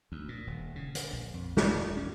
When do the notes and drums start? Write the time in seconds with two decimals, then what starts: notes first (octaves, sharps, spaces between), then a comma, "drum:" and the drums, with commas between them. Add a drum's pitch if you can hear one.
0.12 D2
0.29 A#2
0.47 D#1
0.76 C#3
0.95 D3, drum: hi-hat
1.13 A#1
1.34 F2
1.57 G#1, drum: snare
1.74 D#1
1.97 C#4